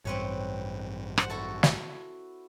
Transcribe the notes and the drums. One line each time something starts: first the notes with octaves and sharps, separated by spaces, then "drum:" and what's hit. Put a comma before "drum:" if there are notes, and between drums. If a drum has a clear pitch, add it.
A1 G2 C4 B4 C#5
C5 F#5, drum: rim click
E4 F#4 A4
drum: snare